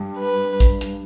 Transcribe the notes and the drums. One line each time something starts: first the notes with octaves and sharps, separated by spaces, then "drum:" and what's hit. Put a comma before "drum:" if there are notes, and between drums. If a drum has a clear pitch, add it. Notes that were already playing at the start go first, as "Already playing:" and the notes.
Already playing: G2
B4
drum: kick, hi-hat
drum: hi-hat